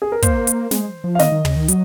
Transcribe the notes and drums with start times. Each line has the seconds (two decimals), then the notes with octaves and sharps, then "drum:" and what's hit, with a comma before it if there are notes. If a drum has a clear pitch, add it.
0.02 G#4
0.12 A#4
0.22 A#3 C5, drum: kick, hi-hat
0.47 drum: hi-hat
0.71 G#3, drum: snare
1.04 F3
1.15 F5
1.19 D#3 D#5, drum: snare
1.32 D#3
1.45 C#3, drum: tom
1.56 D#3
1.68 F#3, drum: hi-hat